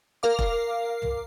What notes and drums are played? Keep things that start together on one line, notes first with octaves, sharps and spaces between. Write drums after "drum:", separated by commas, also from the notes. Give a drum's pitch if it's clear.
A#4 F5 D6
drum: kick E1
drum: tom